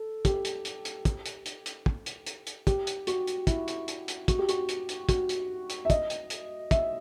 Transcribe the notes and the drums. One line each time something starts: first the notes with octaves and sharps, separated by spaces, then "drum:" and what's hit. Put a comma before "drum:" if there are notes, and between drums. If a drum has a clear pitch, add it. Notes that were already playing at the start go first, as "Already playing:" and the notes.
Already playing: A4
G4, drum: kick, hi-hat
drum: hi-hat
drum: hi-hat
drum: hi-hat
drum: kick, hi-hat
drum: hi-hat
drum: hi-hat
drum: hi-hat
drum: kick
drum: hi-hat
drum: hi-hat
drum: hi-hat
G4, drum: kick, hi-hat
drum: hi-hat
F#4, drum: hi-hat
drum: hi-hat
E4, drum: kick, hi-hat
drum: hi-hat
drum: hi-hat
drum: hi-hat
F#4, drum: kick, hi-hat
G4
F#4, drum: hi-hat
drum: hi-hat
drum: hi-hat
F#4, drum: kick, hi-hat
drum: hi-hat
drum: hi-hat
E5
D#5, drum: kick, hi-hat
drum: hi-hat
drum: hi-hat
E5, drum: kick, hi-hat